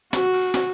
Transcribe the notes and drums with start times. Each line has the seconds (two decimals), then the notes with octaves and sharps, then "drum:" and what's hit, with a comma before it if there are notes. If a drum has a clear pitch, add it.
0.13 F#4, drum: snare
0.33 drum: cymbal
0.54 drum: snare